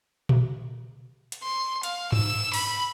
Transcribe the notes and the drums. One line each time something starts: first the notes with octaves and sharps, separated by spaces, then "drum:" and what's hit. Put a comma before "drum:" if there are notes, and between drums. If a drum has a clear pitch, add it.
drum: tom A#2
drum: hi-hat
C6
F5, drum: hi-hat
E6, drum: tom G2
B5, drum: open hi-hat